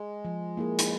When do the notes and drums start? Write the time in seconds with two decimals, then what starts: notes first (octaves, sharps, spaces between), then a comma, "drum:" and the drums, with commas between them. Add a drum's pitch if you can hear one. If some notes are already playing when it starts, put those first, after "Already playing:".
Already playing: G#3
0.25 F3
0.57 A#3 E4 G#4
0.79 drum: hi-hat